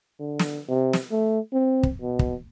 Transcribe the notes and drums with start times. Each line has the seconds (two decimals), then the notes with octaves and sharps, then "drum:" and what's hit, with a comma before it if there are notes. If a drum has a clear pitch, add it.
0.20 D3
0.39 drum: snare
0.68 C3
0.93 drum: snare
1.11 A3
1.53 C4
1.83 drum: kick
2.02 B2
2.19 drum: kick